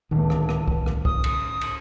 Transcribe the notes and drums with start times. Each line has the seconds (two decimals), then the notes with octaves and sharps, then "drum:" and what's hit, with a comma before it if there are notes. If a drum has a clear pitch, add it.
0.11 D1 C#2 D#3 A3
0.30 drum: rim click
0.49 drum: rim click
0.68 drum: kick C2
0.86 drum: rim click
1.05 G#2 D#6, drum: kick C2
1.24 drum: cymbal
1.61 drum: cymbal